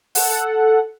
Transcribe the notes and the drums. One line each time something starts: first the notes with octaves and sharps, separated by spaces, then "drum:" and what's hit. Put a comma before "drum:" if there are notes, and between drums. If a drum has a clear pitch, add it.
A4 F#5, drum: open hi-hat